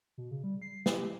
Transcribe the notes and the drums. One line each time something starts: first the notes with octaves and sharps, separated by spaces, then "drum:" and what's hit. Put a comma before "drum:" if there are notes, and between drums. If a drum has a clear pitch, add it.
B2
C#3
G3
C7
G4, drum: snare